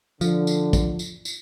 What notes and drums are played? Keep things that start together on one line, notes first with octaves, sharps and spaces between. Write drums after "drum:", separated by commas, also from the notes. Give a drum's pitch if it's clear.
D3 F3, drum: tambourine
drum: tambourine
drum: kick, tambourine
drum: tambourine
drum: tambourine